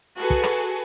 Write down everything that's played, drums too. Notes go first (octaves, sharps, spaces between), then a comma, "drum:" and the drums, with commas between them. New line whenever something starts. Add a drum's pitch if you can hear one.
F#4 G#4 A4 B4
drum: kick
drum: rim click